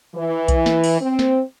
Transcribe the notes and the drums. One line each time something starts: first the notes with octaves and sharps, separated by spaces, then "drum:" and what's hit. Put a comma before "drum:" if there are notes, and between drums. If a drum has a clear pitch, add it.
E3
drum: kick B1, hi-hat
drum: snare
drum: open hi-hat
C4
drum: snare